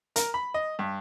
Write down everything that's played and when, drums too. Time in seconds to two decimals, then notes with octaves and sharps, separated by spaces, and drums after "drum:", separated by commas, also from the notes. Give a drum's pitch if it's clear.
0.16 A#4, drum: hi-hat
0.34 B5
0.54 D#5
0.79 G2